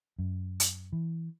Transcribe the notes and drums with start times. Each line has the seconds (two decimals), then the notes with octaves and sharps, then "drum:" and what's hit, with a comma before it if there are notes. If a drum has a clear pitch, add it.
0.19 F#2
0.60 drum: hi-hat
0.93 E3